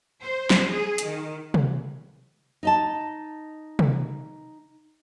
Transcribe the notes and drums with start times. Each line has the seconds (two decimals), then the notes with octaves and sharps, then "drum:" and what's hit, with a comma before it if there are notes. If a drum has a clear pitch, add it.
0.24 C5
0.50 drum: snare
0.73 G#4
0.98 drum: hi-hat
1.08 D#3
1.54 drum: tom
2.63 D#4 D#5 A5
3.79 drum: tom